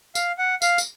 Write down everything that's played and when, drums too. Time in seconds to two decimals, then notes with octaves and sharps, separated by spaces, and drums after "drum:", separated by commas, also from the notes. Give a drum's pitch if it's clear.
0.15 F5, drum: tambourine
0.38 F#5
0.62 F5, drum: tambourine
0.78 drum: tambourine